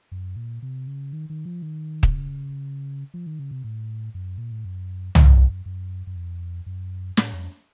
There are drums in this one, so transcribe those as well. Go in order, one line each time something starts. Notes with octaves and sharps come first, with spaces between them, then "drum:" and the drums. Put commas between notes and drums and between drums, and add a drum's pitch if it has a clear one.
F#2
A#2
C3
C#3
D#3
D#3
F3
D#3
C3, drum: kick
C#3
F3
D#3
C#3
C3
A2
F#2
A#2
A2
F#2
F2, drum: tom C2
F#2
F#2
F#2
F2
F#2
A2, drum: snare
F2